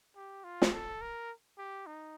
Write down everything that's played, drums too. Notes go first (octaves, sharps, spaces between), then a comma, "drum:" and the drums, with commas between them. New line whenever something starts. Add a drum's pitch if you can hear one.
G4
F4
drum: snare
A4
A#4
G4
D#4